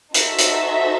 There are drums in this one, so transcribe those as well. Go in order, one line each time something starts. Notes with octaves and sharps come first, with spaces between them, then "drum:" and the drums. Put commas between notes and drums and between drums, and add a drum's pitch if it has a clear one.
D#4 F#4 A4 C5 E5, drum: hi-hat
drum: hi-hat